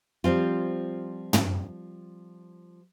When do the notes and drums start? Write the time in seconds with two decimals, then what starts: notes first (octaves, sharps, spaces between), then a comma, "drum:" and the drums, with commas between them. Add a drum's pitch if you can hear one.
0.24 F3 G3 C4 F4
1.33 drum: tom